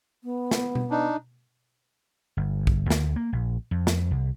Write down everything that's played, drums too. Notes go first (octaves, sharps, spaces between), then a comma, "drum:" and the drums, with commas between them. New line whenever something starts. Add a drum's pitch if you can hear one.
B3
drum: snare
drum: tom B2
D4 D#4
G1
drum: kick
D2, drum: snare
A#3
A#1
F2
drum: snare
C2